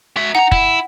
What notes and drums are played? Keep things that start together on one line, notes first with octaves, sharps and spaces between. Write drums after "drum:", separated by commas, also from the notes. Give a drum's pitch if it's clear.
F#4 E5
D#4 F#5 A#5
E4, drum: kick